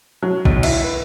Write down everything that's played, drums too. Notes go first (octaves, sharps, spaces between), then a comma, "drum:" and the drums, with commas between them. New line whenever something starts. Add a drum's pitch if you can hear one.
F#3
B1, drum: kick
E4, drum: cymbal
B4